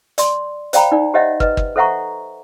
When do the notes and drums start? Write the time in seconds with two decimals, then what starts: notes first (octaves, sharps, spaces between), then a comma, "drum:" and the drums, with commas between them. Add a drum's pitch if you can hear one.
0.18 D5 C6, drum: hi-hat
0.73 C5 D5 F5 G5 A#5 B5, drum: hi-hat
0.92 D#4 D5
1.14 G4 C5 C#5 D#5 E5 F#5
1.40 B4 D#5, drum: kick
1.57 drum: kick
1.76 A4 C5 E5 F#5 A#5 C#6